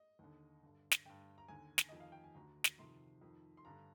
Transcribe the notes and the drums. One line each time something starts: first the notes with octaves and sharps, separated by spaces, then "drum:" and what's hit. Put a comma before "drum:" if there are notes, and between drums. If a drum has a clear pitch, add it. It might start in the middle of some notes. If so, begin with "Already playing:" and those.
Already playing: D#5
D#2 D3
G2 D3
drum: snare
G2 D3 G5
A#5
D#2 D3 G#5
drum: snare
F2 D#3 D#5
F5
G5
G#5
D2 D3 A#5
drum: snare
F2 C3 D#3 C6
F2 D#3
C6
G2 D3 A#5